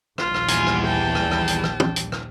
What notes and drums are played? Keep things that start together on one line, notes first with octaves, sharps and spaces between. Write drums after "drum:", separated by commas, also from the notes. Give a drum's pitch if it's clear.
A#1 D#2 G3 F4, drum: rim click
drum: rim click
E2 G#5, drum: hi-hat
drum: rim click
G5 A5
drum: rim click
drum: rim click
drum: hi-hat
drum: rim click
drum: tom
drum: hi-hat
drum: rim click